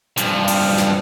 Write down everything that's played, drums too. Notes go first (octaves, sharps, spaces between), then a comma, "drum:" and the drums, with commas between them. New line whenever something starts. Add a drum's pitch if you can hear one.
G2 F3, drum: hi-hat
drum: open hi-hat
drum: snare